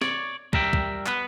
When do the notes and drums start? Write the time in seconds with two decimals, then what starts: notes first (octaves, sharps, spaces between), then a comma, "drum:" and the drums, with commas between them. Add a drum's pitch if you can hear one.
0.02 C#5 D5, drum: snare
0.53 G3 A#4 E5 G5, drum: kick
0.73 drum: kick
1.06 B3 B4, drum: clap